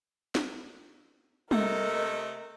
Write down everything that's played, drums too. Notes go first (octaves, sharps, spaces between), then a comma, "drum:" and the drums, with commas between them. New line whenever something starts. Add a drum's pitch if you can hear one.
drum: snare
C3 A3 A#4 D#5, drum: tom G3